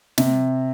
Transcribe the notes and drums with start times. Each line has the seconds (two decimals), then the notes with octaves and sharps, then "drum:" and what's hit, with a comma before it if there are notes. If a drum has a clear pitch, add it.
0.18 C3, drum: snare